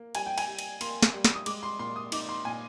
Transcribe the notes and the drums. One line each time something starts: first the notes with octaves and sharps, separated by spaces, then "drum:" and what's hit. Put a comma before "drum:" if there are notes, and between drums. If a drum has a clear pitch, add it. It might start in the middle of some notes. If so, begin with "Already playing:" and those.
Already playing: A#3
G3 G#5, drum: cymbal
G5
G#5, drum: cymbal
G3
drum: cymbal
A#3 C6, drum: cymbal
drum: snare
G3
drum: snare
D#6
G#3 D6, drum: cymbal
C6
A#2 C6
D#6
D#4 D6, drum: cymbal
C6
A#2 G#5